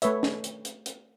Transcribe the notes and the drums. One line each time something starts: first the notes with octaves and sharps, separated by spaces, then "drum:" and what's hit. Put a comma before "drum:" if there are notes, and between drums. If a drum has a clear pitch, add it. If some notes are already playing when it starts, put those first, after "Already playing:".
A3 B4 C#5 E5, drum: hi-hat
drum: snare
drum: hi-hat
drum: hi-hat
drum: hi-hat